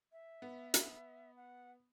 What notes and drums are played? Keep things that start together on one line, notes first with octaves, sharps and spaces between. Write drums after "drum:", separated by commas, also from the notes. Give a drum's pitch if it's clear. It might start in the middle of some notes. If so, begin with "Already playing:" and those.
E5
B3
drum: hi-hat
F#5